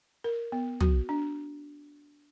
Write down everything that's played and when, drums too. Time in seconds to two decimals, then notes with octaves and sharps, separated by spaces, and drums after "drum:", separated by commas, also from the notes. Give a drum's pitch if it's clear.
0.24 A#4
0.52 B3
0.81 F#4, drum: tom
1.09 D4